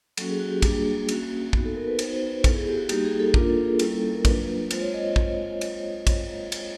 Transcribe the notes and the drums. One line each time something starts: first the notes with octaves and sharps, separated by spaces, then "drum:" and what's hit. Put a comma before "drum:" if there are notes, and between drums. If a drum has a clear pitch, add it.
F#3 A#3 C#4 F#4 A4, drum: cymbal
G#4
F#4
G4
G3 A#3 D4 F#4 G#4, drum: kick, cymbal
A#3 C#4 F#4, drum: cymbal
B3 D#4 F#4, drum: kick
A4
A#4
B4
B3 D#4 F#4 C5, drum: cymbal
C5
B4
B3 E4 A4, drum: kick, cymbal
G#4
G4
F#4
G3 A#3 D#4 F#4 G4, drum: cymbal
G#4
A4
A#3 D4 F4 A#4, drum: kick
A4
G#4
G3 A#3 C#4 E4 A4, drum: cymbal
A4
A4
A#4
F#3 A#3 D4 F4 B4, drum: kick, cymbal
G#3 C4 F4 C5, drum: cymbal
C#5
D#5
drum: kick
drum: cymbal
drum: kick, cymbal
drum: cymbal